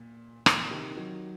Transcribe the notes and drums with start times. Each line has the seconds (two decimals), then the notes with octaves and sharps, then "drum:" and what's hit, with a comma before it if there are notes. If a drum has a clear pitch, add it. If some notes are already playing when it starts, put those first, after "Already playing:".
Already playing: A#2
0.46 A#2, drum: rim click
0.71 C3 D#3
0.96 D#3 F#3